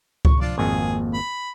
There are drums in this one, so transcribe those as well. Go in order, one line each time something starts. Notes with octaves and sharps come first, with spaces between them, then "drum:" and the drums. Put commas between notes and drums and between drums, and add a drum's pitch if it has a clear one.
C#6, drum: kick C#2
F3 D4 F4 D5
G#1 F2 A#3 G#4
B5